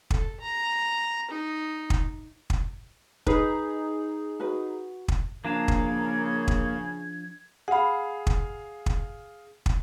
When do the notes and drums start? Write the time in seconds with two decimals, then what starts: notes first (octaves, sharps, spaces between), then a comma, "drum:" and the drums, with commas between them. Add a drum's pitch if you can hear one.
0.10 A4, drum: kick
0.40 A#5
1.30 D#4
1.90 drum: kick
2.50 drum: kick
3.26 D#4 G#4 B4, drum: kick
4.40 F#4 B4
5.08 drum: kick
5.45 C#3 F3 A#3 D4 A5 G#6
5.68 drum: kick
6.48 drum: kick
7.68 G#4 F5 F#5 B5
8.27 drum: kick
8.86 drum: kick
9.66 drum: kick